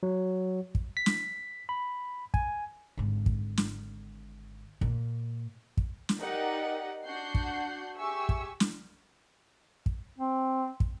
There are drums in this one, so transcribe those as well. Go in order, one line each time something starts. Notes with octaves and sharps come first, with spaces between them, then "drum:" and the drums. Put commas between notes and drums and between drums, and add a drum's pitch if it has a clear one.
F#3
drum: kick
B6
drum: snare
B5
G#5, drum: kick
G#1 D3
drum: kick
drum: snare
A#2, drum: kick
drum: kick
drum: snare
D#4 G4 A#4 D5 D#5 F#5
D4 F#4 F#5 G6 C7
drum: kick
G4 G#4 E5 G#5 C#6 E6
drum: kick
drum: snare
drum: kick
C4
drum: kick